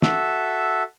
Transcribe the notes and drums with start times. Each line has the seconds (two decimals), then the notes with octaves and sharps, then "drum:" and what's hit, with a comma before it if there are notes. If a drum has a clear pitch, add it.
0.02 F#4 A4 E5, drum: snare